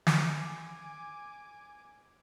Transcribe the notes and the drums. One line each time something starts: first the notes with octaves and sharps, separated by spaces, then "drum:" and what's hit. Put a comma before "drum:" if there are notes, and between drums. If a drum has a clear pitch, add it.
drum: snare
G#5 D6